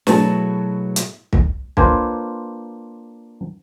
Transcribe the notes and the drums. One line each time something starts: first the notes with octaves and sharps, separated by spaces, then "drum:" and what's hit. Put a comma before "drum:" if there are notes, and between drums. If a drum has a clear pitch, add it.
B2 F#3 A3 E4 G#4 A5, drum: snare
drum: hi-hat
drum: kick
A#3 D4 F4 B4 C5 G#5, drum: kick